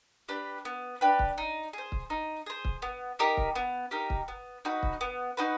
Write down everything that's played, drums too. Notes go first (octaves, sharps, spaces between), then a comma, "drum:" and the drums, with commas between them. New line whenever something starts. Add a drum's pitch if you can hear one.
D4 G4 B4
B3
D4 G4 B4
drum: kick C#1
D#4
G#4 C5
drum: kick C#1
D#4
G#4 C5
drum: kick C#1
B3
D#4 G4 A#4
drum: kick C#1
B3
D#4 G4 A#4
drum: kick C#1
B3
D#4 F#4 B4
drum: kick C#1
B3
D#4 F#4 B4